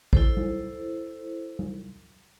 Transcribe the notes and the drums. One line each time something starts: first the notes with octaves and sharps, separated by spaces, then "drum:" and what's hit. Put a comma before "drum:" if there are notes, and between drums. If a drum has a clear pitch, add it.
E4 A4 C5, drum: kick A1
drum: tom G3
drum: tom G3